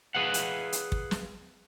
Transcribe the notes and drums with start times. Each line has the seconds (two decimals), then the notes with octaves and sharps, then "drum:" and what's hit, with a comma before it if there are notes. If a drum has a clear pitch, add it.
0.15 G#4 B4 F5 F#5
0.34 drum: hi-hat
0.72 drum: hi-hat
0.92 drum: kick
1.11 drum: snare